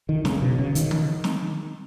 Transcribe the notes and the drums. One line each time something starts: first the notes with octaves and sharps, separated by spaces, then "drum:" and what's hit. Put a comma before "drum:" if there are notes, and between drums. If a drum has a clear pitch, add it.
D#3
C#3, drum: snare
B2
C#3
D#3, drum: hi-hat
drum: tom
drum: snare